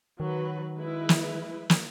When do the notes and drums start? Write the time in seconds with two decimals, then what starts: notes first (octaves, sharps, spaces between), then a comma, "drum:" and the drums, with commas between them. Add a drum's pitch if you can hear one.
0.20 D#3 F#3 B4
0.79 G#3 E4 B4
1.09 drum: snare
1.70 drum: snare